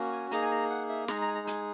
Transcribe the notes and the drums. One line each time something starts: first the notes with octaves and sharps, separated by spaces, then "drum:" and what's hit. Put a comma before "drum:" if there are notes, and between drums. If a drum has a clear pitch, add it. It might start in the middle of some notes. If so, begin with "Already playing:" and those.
Already playing: A#3 C#4 F#4
G#5
A#3 D#4 G#4 A#5, drum: hi-hat
G#5
A#5
F#5
E5
G#3 D#4 G#4 A#5, drum: snare
A#5
G#5
A#5
G#5, drum: hi-hat